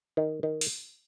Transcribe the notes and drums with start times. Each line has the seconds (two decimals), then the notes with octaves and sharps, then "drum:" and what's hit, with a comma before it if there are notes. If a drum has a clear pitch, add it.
0.17 D#3
0.43 D#3
0.61 drum: open hi-hat